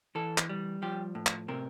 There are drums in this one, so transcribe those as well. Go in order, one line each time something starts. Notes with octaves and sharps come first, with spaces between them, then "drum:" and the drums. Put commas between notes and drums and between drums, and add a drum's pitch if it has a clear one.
E3 A4
drum: clap
G3
F3 G4
A2
drum: clap
C3 A#4